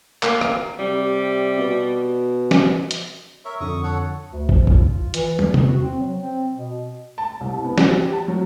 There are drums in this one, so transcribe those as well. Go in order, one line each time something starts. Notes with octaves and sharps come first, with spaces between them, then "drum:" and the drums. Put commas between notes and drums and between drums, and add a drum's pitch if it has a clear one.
A#3, drum: clap
drum: rim click
C3 G3
B2
drum: snare
drum: hi-hat
A#4 C#5 E5
F2 D3 C#6 D#6
A4 C#5 F#5
D2
F3, drum: kick
F4, drum: kick
E3, drum: hi-hat
E2, drum: tom
drum: tom C3
F#4
C4
F#3
C4
B2
A5
C2
B3
F#4, drum: snare
G4
A5
F#3